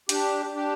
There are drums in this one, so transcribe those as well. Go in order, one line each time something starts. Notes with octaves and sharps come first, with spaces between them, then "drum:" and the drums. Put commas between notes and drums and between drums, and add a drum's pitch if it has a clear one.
D4 G4, drum: hi-hat
D4 G4